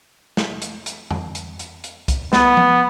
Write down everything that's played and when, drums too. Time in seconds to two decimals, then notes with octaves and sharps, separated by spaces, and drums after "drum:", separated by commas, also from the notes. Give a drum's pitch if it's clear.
0.37 drum: snare
0.62 drum: hi-hat
0.86 drum: hi-hat
1.11 drum: tom F2
1.35 drum: hi-hat
1.59 drum: hi-hat
1.84 drum: hi-hat
2.08 drum: kick C2, hi-hat
2.33 B3, drum: snare
2.57 drum: tom F3